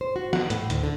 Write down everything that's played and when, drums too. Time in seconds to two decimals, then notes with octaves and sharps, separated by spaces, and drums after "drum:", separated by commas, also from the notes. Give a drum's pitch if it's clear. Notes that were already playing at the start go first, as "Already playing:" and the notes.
0.01 C5
0.16 F#4
0.33 F#5, drum: snare
0.50 A2, drum: hi-hat
0.70 D2, drum: hi-hat
0.84 D3